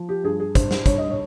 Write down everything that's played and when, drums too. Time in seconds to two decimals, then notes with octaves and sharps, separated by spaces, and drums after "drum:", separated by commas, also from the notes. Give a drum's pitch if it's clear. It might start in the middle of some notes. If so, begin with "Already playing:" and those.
Already playing: F3
0.09 G4
0.24 G2 G#4
0.40 G#4
0.55 G2 C5, drum: kick, hi-hat
0.71 drum: snare
0.86 G2 C#5, drum: kick, hi-hat
0.98 D#5
1.10 C#5